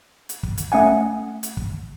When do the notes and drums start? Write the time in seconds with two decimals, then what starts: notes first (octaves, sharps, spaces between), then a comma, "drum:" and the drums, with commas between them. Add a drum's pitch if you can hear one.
0.29 drum: hi-hat
0.43 drum: kick
0.58 drum: hi-hat
0.72 A3 C#4 F#5 G#5
1.43 drum: hi-hat
1.57 drum: kick